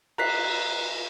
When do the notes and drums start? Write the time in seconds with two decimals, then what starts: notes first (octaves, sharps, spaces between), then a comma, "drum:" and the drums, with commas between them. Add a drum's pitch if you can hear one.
0.18 A#5 F#6 B6 C7, drum: cymbal